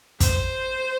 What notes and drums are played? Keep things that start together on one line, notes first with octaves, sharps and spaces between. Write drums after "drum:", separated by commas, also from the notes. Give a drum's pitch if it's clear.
C5, drum: kick, hi-hat